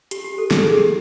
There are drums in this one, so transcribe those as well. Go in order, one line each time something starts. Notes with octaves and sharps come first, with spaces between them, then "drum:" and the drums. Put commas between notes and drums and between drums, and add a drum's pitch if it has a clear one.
G4, drum: hi-hat
G4
A4
A4, drum: snare
G#4
G4